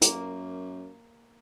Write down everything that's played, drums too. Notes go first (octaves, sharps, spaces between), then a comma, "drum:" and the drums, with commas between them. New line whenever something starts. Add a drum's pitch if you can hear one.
F#2 A#3, drum: hi-hat